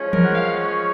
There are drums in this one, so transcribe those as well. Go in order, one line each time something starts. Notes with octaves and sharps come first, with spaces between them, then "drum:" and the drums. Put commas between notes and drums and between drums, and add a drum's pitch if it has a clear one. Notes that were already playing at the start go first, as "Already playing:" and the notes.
Already playing: F3 G#3 C#4
A#4, drum: tom E3
F#5
F5
C#5